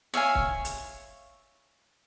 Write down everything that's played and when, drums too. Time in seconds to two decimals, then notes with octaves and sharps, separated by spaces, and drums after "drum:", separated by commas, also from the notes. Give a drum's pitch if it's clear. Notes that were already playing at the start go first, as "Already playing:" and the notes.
0.14 C#5 E5 F5 G#5
0.35 drum: kick
0.65 drum: hi-hat